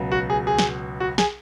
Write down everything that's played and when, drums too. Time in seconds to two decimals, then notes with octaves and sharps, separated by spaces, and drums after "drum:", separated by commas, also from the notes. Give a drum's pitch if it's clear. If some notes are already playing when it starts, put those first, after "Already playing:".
Already playing: C#2 B2 F#3
0.12 F#4
0.30 G#4
0.47 G#4
0.59 drum: snare
1.00 F#4
1.18 G#4, drum: snare